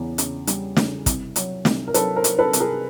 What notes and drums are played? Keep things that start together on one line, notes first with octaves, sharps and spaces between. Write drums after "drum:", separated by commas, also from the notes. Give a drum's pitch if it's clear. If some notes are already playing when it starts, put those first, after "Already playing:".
Already playing: E2 C#3
C#3, drum: hi-hat
G3, drum: hi-hat
C#3, drum: snare
C2, drum: kick, hi-hat
F#3, drum: hi-hat
C2, drum: snare
A#4
F#3 A4 B4, drum: hi-hat
A#4 C5
F#3, drum: hi-hat
A4 B4
C2, drum: hi-hat
G#4 A#4